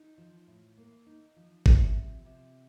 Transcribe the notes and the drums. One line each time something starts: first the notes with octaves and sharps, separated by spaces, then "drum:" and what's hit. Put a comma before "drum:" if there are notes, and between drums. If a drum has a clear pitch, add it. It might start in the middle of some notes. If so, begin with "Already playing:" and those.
Already playing: D#4
F3
A2
A#3
D#4
F3
C3, drum: kick
F3
C3